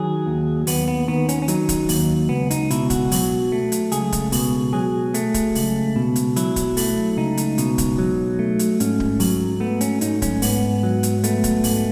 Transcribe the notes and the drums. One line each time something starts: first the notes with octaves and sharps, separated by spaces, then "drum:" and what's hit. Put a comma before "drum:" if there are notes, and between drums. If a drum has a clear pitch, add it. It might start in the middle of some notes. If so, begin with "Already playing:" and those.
Already playing: D#3 F#3 G#4
D#2
D#2 B3, drum: open hi-hat
B3
D#3 B3
C#4, drum: hi-hat
C#4
F#3 D#4, drum: hi-hat
drum: kick D1, hi-hat
D#2, drum: open hi-hat
C#2 B3
D#4, drum: hi-hat
B2 E4, drum: hi-hat
F#4, drum: kick D1, hi-hat
F#3, drum: open hi-hat
A3
drum: hi-hat
C#2 G#4, drum: hi-hat
drum: kick D1, hi-hat
B2, drum: open hi-hat
F#3 G#4
A3, drum: hi-hat
drum: kick D1, hi-hat
C#2, drum: open hi-hat
B2
drum: hi-hat
F#3 E4, drum: hi-hat
drum: kick D1, hi-hat
A3, drum: open hi-hat
C#2 D#4
drum: hi-hat
B2, drum: hi-hat
drum: kick D1, hi-hat
F#3
A3
drum: hi-hat
G#2 C#4, drum: hi-hat
drum: kick D1
F#3, drum: open hi-hat
A3 B3
C#4, drum: hi-hat
G#2 D#4, drum: hi-hat
C#4, drum: kick D1, hi-hat
G#2 B3, drum: open hi-hat
F#3
drum: hi-hat
A3 B3, drum: hi-hat
drum: kick D1, hi-hat
G#2, drum: open hi-hat